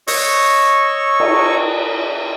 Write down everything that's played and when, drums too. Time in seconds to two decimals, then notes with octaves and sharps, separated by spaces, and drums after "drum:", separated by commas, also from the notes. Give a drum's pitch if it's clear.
0.07 C#5 D#5 C#6 E6, drum: open hi-hat
1.20 drum: cymbal